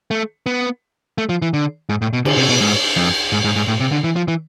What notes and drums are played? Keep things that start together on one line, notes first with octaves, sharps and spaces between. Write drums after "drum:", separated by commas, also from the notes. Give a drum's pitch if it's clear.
A3
B3
A3
F3
E3
D3
G#2
A2
B2
D3, drum: cymbal
C3
B2
G#2
F2
G#2
G#2
G#2
A2
C3
D3
E3
F3
E3